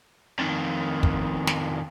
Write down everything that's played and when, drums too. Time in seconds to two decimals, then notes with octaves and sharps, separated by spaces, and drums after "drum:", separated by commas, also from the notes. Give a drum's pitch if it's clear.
0.39 F2 D#3
1.03 drum: kick
1.47 drum: snare